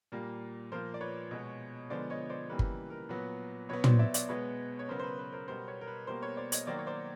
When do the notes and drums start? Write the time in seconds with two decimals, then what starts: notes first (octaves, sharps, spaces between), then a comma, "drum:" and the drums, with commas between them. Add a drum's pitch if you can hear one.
0.12 A#2 G3 A#3
0.72 A#2 F3 A#3 A#4 C5
0.94 D5
1.01 B4 C#5
1.31 B2 G#3 B3
1.90 D3 F3 G#3 B3 C5 D5
2.10 C#5 D#5
2.30 C5 D5
2.50 C#3 E3 G3 A#3 B4
2.59 drum: kick G1
2.90 A#4
3.09 A#2 F#3 B3 B4
3.69 B2 F#3 B3 B4 C#5
3.84 C5 D5, drum: tom
3.99 D5 E5
4.14 D5 E5, drum: hi-hat
4.29 B2 G#3 B3 B4 C#5
4.79 C#5
4.88 C#3 F#3 B3 A#4 C5
4.99 C5
5.03 B4
5.19 B4
5.33 A#4 C5
5.48 B2 G3 B3 A#4 C5
5.68 B4 C#5
5.81 A#4
5.87 B4
6.07 B2 G3 A#3 A#4 C5
6.22 B4 C#5
6.37 C5 D5
6.52 C#5 D#5, drum: hi-hat
6.67 D#3 F#3 A#3 C5 D5
6.79 C#5
6.87 C5 D5